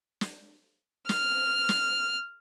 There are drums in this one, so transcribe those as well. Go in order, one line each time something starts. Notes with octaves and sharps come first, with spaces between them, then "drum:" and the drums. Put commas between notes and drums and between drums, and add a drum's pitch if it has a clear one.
drum: snare
F6, drum: snare
drum: snare